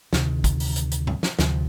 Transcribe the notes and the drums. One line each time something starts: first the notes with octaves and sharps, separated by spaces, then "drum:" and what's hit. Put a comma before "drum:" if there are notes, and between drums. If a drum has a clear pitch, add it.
D2 C3 D#3, drum: snare
drum: kick, hi-hat
drum: open hi-hat
drum: hi-hat
drum: hi-hat
drum: tom G#2
drum: snare
D2 C3 F3, drum: snare